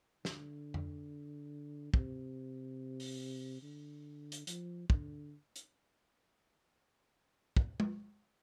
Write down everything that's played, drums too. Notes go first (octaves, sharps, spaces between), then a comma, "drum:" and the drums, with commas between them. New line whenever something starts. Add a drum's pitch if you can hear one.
D3, drum: snare
drum: tom F2
C3, drum: kick
drum: open hi-hat
D3
drum: hi-hat
F3, drum: hi-hat
D3, drum: kick
drum: hi-hat
drum: kick
drum: tom